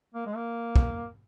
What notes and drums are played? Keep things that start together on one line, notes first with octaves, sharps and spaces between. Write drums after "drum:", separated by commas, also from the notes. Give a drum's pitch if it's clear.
A#3
G#3
A#3
drum: kick